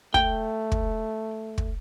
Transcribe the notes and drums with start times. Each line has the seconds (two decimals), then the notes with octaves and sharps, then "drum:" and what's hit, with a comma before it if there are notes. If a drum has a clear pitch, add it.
0.14 A3 G5, drum: kick
0.72 drum: kick
1.58 drum: kick